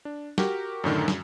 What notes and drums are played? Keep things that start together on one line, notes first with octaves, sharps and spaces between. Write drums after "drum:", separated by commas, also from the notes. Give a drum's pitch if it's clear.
D4
F#4 G4 A#4, drum: snare
F#2 A2 D3 D#3
F#2, drum: snare